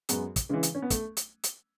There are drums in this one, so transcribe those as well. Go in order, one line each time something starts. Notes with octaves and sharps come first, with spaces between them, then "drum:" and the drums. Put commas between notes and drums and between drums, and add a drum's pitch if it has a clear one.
F#2 G#3 B3, drum: hi-hat
drum: kick, hi-hat
C#3 E3 G#3
drum: hi-hat
C#4
B3
A3, drum: kick, hi-hat
drum: hi-hat
drum: hi-hat